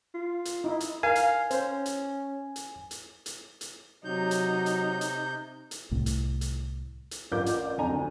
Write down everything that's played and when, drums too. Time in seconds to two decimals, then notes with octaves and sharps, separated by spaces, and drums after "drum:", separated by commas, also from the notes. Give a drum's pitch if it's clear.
0.14 F4
0.45 drum: hi-hat
0.64 D#4 E4
0.80 drum: hi-hat
1.03 A#4 F5 G#5
1.15 drum: hi-hat
1.51 C#4 C5, drum: hi-hat
1.86 drum: hi-hat
2.56 drum: hi-hat
2.91 drum: hi-hat
3.26 drum: hi-hat
3.61 drum: hi-hat
4.05 C3 F#3 D#4 G6
4.31 drum: hi-hat
4.66 drum: hi-hat
5.01 drum: hi-hat
5.71 drum: hi-hat
5.91 C2 A2
6.06 drum: hi-hat
6.41 drum: hi-hat
7.11 drum: hi-hat
7.32 A1 F4 A#4 D5 D6 G6
7.46 drum: hi-hat
7.78 F2 D#4 G#5 A#5
7.90 D2